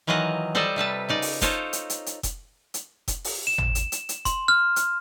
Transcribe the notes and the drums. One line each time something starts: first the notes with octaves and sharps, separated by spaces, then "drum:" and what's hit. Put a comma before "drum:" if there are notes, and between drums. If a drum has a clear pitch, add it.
D#3 E3 F#3 F4 D#5 F#5
G3 A4 C5 D5 D#5
C3 G3 B4 A5
C#3 D#4 D5
drum: open hi-hat
D#4 F4 A4 C5 C#5, drum: kick F1, hi-hat
drum: hi-hat
drum: hi-hat
drum: hi-hat
drum: kick F1, hi-hat
drum: hi-hat
drum: kick F1, hi-hat
drum: open hi-hat
E7
drum: tom G#1
drum: hi-hat
drum: hi-hat
drum: hi-hat
C6, drum: kick F1, hi-hat
F6
drum: hi-hat